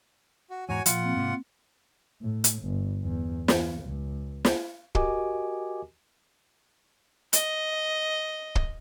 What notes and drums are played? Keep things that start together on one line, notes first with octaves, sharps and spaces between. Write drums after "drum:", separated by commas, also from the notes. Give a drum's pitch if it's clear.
F#4
E2 G#2 F#4 C#5 G#5 A#5
A#2 F3 F4 F#5, drum: hi-hat
A#3 C4
G#2 C3
A2
drum: hi-hat
G1
E2
E2, drum: snare
C#2
drum: snare
F#4 G4 A#4 D#5 G#5 D6, drum: kick
D#5, drum: hi-hat
drum: kick